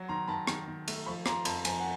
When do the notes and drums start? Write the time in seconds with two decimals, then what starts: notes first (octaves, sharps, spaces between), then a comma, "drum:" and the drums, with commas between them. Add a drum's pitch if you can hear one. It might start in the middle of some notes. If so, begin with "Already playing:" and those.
Already playing: F#3
0.08 D#3 A#5 C6
0.28 D#3 A5 B5
0.47 D#3, drum: rim click
0.67 D#3
0.88 A3, drum: cymbal
1.06 F3 B5 C#6
1.26 F3 A#5 C6, drum: rim click
1.45 F2 A5 B5, drum: cymbal
1.65 F3 G#5 A#5, drum: cymbal
1.80 F#5 G#5